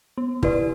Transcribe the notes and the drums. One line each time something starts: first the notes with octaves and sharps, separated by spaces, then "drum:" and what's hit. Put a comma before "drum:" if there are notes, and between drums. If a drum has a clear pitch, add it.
B3
E4 G4 B4 D5, drum: kick